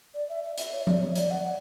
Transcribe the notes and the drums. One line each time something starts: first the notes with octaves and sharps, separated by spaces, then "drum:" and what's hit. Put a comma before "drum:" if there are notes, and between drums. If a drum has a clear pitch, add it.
D5
E5
E5
E5, drum: hi-hat
C#5
D5, drum: tom F3
C#5
D5, drum: hi-hat
F#5